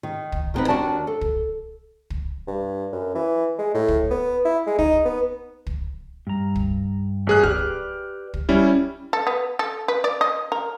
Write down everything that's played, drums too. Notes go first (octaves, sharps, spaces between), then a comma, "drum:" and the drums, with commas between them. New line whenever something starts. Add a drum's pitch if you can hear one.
D#3
drum: kick
D#3 G3 B3 C4 D#4 B4
D#2 D4 F#4 D5 A5
A4
drum: kick
drum: kick
G2
F#2
E3
G#3
A2
drum: kick
B3
E4
G#3
D#4, drum: kick
B3
drum: kick
G2 A#5
drum: kick
A1 G#4 F#6
G4 B4 D5 F6, drum: kick
drum: kick
G3 C#4 E4
A4
B3
A4
B4
D5
D#5
A#4